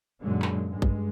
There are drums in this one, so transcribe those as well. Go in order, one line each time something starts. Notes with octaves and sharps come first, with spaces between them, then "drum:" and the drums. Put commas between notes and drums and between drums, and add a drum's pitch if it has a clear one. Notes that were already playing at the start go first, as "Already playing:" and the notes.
F#2 A#2 D3 F#3 G#3
drum: clap
G2 G#3
drum: kick A1